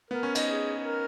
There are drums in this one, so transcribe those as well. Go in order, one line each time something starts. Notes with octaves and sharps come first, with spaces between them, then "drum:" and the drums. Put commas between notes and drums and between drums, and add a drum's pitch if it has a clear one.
B3 A#4
C#4
D#4, drum: cymbal
G#4
A#4